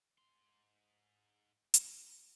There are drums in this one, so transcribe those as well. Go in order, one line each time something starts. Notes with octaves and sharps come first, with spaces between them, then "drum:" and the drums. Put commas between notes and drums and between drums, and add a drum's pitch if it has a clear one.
G#2 C6
drum: hi-hat